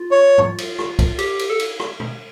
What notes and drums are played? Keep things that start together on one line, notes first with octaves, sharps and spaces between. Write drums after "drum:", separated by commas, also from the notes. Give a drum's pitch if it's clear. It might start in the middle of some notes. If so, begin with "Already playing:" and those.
Already playing: F4
C#5
drum: tom G#2
drum: cymbal
drum: rim click
drum: kick, cymbal
G4, drum: cymbal
drum: cymbal
A4
drum: cymbal
drum: rim click
drum: tom